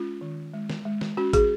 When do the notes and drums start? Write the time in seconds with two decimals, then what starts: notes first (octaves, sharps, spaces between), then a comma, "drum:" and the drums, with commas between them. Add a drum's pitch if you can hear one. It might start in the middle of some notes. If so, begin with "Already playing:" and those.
Already playing: G#3 C#4 F4
0.21 D#3
0.53 G#3
0.70 drum: snare
0.85 G#3
1.01 drum: snare
1.17 C#4 F#4
1.33 G#4, drum: kick A1, hi-hat